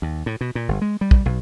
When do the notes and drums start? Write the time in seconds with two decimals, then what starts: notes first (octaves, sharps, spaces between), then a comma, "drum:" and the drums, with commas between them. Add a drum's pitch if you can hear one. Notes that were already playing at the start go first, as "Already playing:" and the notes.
0.02 D#2
0.26 A2
0.41 B2
0.55 A#2
0.68 G1
0.82 G#3
1.01 G3
1.11 drum: kick
1.26 B1